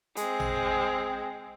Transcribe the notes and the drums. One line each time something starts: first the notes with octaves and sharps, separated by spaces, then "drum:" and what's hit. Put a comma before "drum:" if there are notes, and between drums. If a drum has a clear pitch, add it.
G#3 C4, drum: hi-hat
drum: tom A1